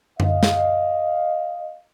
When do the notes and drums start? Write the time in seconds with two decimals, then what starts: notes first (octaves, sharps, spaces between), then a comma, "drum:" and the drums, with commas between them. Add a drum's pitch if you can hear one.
0.20 D#5 F5, drum: tom F#2
0.43 drum: snare